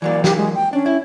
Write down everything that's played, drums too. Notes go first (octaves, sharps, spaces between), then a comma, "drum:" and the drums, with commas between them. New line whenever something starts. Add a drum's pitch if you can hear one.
E3 F#3 A#3 D5
G4, drum: snare
G#3
G5
C#4 D4
E4